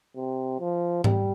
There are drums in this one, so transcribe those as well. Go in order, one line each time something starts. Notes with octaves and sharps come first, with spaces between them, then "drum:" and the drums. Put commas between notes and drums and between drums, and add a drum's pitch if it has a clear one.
C3
F3
G3, drum: tom G#2